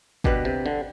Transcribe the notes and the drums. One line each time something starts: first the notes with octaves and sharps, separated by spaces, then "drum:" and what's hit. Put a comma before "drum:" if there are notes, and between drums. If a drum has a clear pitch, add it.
B2 D4 G4 B4, drum: kick
C3
D3